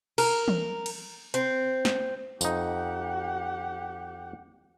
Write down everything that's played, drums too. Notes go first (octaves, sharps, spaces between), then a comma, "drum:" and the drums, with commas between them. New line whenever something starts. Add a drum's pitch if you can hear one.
A#4, drum: cymbal
drum: tom E3
drum: cymbal
C4, drum: hi-hat
drum: snare
F2 D#4 G4 F#5, drum: tambourine